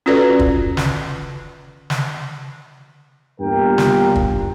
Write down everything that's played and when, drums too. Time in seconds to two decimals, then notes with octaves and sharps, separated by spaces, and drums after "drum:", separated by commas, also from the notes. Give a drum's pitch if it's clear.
0.06 C#4 F4 F#4 A4 B4 D5
0.39 drum: kick
0.77 drum: snare
1.90 drum: snare
3.40 E2 G2 A#2 G4 A#4 G5
3.78 drum: snare
4.16 drum: kick